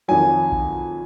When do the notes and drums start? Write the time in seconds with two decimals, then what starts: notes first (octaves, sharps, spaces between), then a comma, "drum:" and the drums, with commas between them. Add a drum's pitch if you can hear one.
0.08 F2 D#3 F#3 G#5
0.52 drum: kick A#1